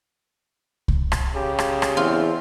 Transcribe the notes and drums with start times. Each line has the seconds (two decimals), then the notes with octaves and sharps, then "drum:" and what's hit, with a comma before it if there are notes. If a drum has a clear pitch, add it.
0.88 drum: kick C2
1.12 drum: rim click
1.35 C#3 G4
1.59 drum: rim click
1.82 drum: rim click
1.97 E2 C4 F4